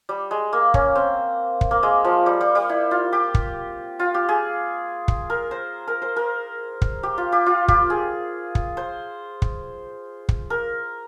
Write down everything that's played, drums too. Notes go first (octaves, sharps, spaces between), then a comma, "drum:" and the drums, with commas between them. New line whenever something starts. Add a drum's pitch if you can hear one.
G3
G#3
A#3
C#4, drum: kick
C4
drum: kick
A#3
G#3
F3
G3
G3
G3
E4
F4
G4
drum: kick
F4
G4
G#4
drum: kick
A#4
C5
A#4
C5
A#4
drum: kick
G4
F4
G4
F4
G4, drum: kick
G#4
drum: kick
C5
drum: kick
drum: kick
A#4